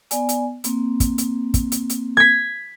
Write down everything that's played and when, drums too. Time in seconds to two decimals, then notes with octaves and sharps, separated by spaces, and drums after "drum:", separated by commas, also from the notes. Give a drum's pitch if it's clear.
0.11 B3 D5 G#5, drum: hi-hat
0.29 drum: hi-hat
0.64 A#3 C4, drum: hi-hat
1.00 drum: kick, hi-hat
1.18 drum: hi-hat
1.54 drum: kick, hi-hat
1.72 drum: hi-hat
1.90 drum: hi-hat
2.17 G#6 B6